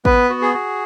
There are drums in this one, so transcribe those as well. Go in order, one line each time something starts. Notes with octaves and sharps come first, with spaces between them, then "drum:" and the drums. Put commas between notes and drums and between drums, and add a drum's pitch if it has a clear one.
B3 B4, drum: kick
F#4
G#4
F#4